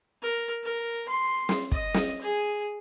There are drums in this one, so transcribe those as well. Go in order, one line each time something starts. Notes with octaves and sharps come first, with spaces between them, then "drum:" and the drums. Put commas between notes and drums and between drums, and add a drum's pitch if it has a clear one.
A#4
A#4
C6
drum: snare
D#5, drum: kick
drum: snare
G#4